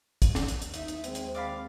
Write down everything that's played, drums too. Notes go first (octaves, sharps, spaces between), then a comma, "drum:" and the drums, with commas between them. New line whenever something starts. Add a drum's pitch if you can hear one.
D#2, drum: kick, hi-hat
drum: snare
drum: hi-hat
drum: hi-hat
D#4 E5, drum: hi-hat
drum: hi-hat
G#3 C4, drum: hi-hat
drum: hi-hat
D5 F5 B5